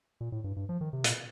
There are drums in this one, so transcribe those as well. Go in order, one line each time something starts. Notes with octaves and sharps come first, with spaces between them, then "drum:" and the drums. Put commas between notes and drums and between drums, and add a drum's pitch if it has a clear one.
A#2
A2
G2
G2
F3
D#3
C3
A#2, drum: hi-hat